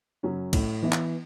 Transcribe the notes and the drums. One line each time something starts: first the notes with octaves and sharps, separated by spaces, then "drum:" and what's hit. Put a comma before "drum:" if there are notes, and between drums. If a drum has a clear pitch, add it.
F#2 C#3 F#3 C#4
A2, drum: kick, cymbal
E3 B3 E4
drum: clap